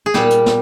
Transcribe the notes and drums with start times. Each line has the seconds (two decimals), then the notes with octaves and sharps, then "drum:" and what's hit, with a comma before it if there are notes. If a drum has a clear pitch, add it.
0.06 G#4
0.14 A#2 G3 G4, drum: snare
0.30 drum: hi-hat
0.46 drum: snare